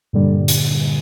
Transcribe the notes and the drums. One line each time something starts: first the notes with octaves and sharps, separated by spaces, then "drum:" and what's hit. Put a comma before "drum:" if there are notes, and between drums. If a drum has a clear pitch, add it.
G2 A#2 D3 G3
drum: hi-hat